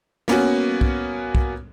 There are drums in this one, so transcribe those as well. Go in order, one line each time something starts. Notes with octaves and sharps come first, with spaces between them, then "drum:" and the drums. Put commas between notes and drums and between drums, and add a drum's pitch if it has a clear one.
A#3 B3 C#4 F#4, drum: snare
drum: kick
drum: kick